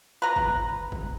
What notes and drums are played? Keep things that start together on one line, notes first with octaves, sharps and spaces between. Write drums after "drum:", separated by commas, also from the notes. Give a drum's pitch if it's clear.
B4 A#5
drum: kick
drum: kick